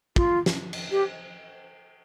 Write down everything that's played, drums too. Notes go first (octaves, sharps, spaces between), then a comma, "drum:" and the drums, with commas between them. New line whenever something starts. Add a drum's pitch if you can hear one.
F4, drum: kick
drum: snare
drum: cymbal
G4